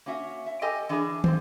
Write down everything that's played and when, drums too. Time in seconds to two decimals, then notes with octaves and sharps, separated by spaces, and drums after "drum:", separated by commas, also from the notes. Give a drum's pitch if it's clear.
0.06 A#3 C#4 F#4 E5
0.46 E5
0.62 G4 A4 D#5 G5 G#5
0.89 E3 D4 D#4 G#4 D#5 A#5
1.24 A#3 C4 C5, drum: tom